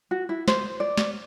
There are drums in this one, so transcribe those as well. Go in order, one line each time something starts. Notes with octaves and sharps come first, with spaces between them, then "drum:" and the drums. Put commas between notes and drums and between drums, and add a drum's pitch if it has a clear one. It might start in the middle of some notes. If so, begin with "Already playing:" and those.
F#4
E4
C5, drum: snare
D5
drum: snare